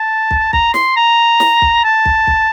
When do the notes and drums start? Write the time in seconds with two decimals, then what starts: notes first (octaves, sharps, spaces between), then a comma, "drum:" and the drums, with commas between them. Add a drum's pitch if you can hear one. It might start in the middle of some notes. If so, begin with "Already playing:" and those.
Already playing: A5
0.31 drum: kick
0.53 A#5, drum: kick
0.74 C6, drum: snare
0.96 A#5
1.40 drum: snare
1.62 drum: kick
1.84 A5
2.05 drum: kick
2.27 drum: kick